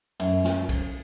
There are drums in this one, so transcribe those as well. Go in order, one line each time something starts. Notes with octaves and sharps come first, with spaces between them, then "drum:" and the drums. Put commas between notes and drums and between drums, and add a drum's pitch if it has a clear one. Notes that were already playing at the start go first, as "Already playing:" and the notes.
F#2, drum: cymbal
drum: snare
drum: kick B1, cymbal